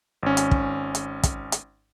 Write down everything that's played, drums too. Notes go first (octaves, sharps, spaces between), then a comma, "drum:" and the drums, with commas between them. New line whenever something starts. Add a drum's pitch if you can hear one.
G#1 C#4
drum: hi-hat
drum: kick
drum: hi-hat
drum: kick, hi-hat
drum: hi-hat